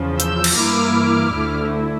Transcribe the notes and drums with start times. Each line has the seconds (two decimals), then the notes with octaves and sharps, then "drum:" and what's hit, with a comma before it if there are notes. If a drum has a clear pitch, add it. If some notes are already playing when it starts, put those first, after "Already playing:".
Already playing: E2 C#3 F3
0.20 E6 G6, drum: hi-hat
0.44 drum: cymbal
0.57 G2 E3 A#3 E4 D6 F6
1.32 D2 D3 A3 E4